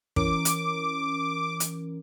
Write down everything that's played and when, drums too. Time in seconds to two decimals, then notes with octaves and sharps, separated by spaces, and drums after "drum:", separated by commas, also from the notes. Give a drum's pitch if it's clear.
0.16 E3 C#4 A#4 D6, drum: kick
0.45 drum: hi-hat
1.60 drum: hi-hat